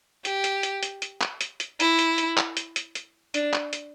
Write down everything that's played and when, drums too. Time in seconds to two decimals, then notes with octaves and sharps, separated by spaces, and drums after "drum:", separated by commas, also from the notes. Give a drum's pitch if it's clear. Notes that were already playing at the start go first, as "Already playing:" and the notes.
0.25 G4, drum: hi-hat
0.44 drum: hi-hat
0.63 drum: hi-hat
0.83 drum: hi-hat
1.02 drum: hi-hat
1.21 drum: clap
1.41 drum: hi-hat
1.60 drum: hi-hat
1.80 E4, drum: hi-hat
1.99 drum: hi-hat
2.18 drum: hi-hat
2.37 drum: clap
2.57 drum: hi-hat
2.76 drum: hi-hat
2.95 drum: hi-hat
3.34 D4, drum: hi-hat
3.53 drum: clap
3.73 drum: hi-hat